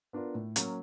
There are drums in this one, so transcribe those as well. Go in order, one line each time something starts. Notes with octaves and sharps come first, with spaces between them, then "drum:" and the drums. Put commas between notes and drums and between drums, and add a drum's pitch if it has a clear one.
B3 D4 F4 A#4
A2
F#3 A#3 C#4, drum: hi-hat